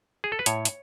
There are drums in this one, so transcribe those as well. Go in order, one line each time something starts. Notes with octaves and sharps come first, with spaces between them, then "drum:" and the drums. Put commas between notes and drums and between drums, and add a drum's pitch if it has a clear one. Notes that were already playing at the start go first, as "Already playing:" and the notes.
G#4
A4
B4
A2 C#5, drum: hi-hat
drum: hi-hat